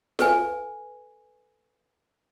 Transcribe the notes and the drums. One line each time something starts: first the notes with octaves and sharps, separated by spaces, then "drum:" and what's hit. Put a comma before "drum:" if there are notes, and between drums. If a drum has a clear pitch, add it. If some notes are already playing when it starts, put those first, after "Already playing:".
A4 B4 G#5, drum: snare F4